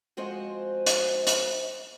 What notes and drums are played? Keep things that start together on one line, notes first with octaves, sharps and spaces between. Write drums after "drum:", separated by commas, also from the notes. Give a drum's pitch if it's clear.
F3 G#3 C4 F#4 C5 D#5
drum: hi-hat
drum: hi-hat